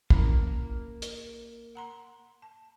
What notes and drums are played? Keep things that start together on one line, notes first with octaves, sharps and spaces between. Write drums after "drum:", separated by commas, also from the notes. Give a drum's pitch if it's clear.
A#3 C#4 E4 A#4, drum: kick
drum: hi-hat
F#5 A#5 C6
A5